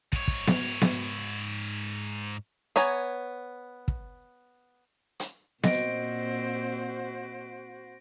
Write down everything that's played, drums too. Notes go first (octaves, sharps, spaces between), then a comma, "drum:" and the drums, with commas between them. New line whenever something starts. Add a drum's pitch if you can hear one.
G#2 C#5, drum: kick
drum: kick
drum: snare B3
drum: snare B3
B3 C#5 G#5 A#5, drum: hi-hat
drum: kick
drum: hi-hat
A#2 C4 F#4 C5 D#5 A#6 D7, drum: snare B3